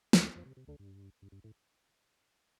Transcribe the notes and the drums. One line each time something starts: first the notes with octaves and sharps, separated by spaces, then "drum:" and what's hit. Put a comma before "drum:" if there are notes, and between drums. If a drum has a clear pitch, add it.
D2 D3, drum: snare
F2 F3
C3
C3
D2 D3
G2
G2
G2
A2